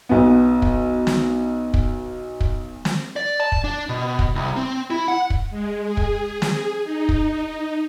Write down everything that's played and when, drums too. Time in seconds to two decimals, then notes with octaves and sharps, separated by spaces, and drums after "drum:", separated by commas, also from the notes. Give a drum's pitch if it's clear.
0.09 B1 B3
0.62 drum: kick
1.07 drum: snare
1.74 drum: kick
2.41 drum: kick
2.85 drum: snare
3.16 D5
3.40 A5
3.52 drum: kick
3.64 D4
3.89 B2
4.19 drum: kick
4.35 C2
4.56 C4
4.90 E4
5.08 F#5
5.30 drum: kick
5.50 G#3
5.83 G#4
5.97 drum: kick
6.42 drum: snare
6.84 D#4
7.09 drum: kick